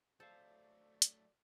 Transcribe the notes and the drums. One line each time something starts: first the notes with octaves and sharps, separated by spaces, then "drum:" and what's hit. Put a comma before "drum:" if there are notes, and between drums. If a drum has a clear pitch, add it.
F#3 A3 A4 C5 D5 F5
drum: hi-hat